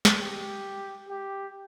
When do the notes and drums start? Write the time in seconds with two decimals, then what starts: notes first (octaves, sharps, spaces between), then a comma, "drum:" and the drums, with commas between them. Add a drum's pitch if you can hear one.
0.05 drum: snare
0.20 G4
1.09 G4